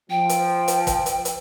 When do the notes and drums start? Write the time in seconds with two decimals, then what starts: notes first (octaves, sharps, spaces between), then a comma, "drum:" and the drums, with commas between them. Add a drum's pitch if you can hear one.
0.10 F3 G5
0.29 drum: hi-hat
0.68 drum: hi-hat
0.87 drum: kick, hi-hat
1.06 drum: hi-hat
1.25 drum: hi-hat